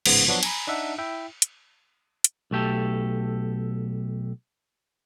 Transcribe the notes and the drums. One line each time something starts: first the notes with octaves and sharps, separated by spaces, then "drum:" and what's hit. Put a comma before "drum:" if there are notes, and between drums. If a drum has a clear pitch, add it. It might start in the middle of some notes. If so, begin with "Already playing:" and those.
A1 G#2 C#3 B3, drum: cymbal
F3 F#3 B3 D4 F#4
G#5 A#5 B5, drum: cymbal
D4 D#4 E5 F#5
E4 E5 G5
drum: hi-hat
drum: hi-hat
B1 A3 G4 A4